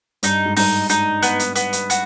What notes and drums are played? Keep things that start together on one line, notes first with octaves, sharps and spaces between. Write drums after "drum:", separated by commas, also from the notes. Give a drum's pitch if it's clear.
G2 D#4, drum: hi-hat
G#2
G2 D#4, drum: open hi-hat
G#2 D#4, drum: hi-hat
B3, drum: hi-hat
drum: hi-hat
B3, drum: hi-hat
drum: hi-hat
F#4, drum: hi-hat